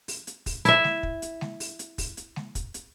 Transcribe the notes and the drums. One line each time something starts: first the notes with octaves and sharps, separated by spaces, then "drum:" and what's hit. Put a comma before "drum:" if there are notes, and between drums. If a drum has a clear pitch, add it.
drum: open hi-hat
drum: hi-hat
drum: kick, open hi-hat
E4 E5, drum: hi-hat
drum: snare G#3
drum: kick
drum: hi-hat
drum: snare G#3
drum: open hi-hat
drum: hi-hat
drum: kick, open hi-hat
drum: hi-hat
drum: snare G#3
drum: kick, hi-hat
drum: hi-hat